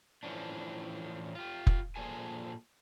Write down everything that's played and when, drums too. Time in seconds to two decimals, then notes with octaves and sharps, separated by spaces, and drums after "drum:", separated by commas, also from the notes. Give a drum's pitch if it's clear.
0.23 A2 E3 F3 C#4 D4
1.35 F4 G4
1.67 drum: kick F1
1.96 A#2 F3 G#4 A4 G#5